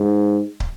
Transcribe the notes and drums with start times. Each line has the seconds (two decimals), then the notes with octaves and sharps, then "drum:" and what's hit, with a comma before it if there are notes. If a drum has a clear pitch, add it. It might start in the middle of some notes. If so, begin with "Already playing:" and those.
Already playing: G#2
0.60 drum: kick